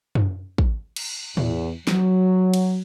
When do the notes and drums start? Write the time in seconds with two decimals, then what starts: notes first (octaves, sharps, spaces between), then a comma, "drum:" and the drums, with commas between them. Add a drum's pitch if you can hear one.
0.15 drum: tom F#2
0.58 drum: kick
0.96 drum: cymbal
1.37 E2, drum: tom A2
1.87 F#3, drum: snare
2.54 drum: cymbal